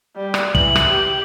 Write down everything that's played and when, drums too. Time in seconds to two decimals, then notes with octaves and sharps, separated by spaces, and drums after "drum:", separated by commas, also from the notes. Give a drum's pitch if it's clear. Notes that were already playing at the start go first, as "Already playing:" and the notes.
0.16 G3
0.34 drum: rim click
0.55 E3 F#7, drum: kick
0.76 drum: rim click
0.88 G4